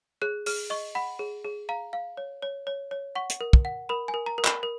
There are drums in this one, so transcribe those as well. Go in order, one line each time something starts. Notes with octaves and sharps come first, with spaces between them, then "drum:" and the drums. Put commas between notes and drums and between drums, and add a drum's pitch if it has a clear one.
G#4 F#6
G#4 F6, drum: open hi-hat
D#5 C#6
F#5 B5
G#4
G#4
F5 A#5
F5
C#5
C#5
C#5
C#5
F#5 C#6
drum: hi-hat
A#4
drum: kick
F#5
A#4 B5
G#5
A#4
A#5
A#4
B5, drum: clap
A#4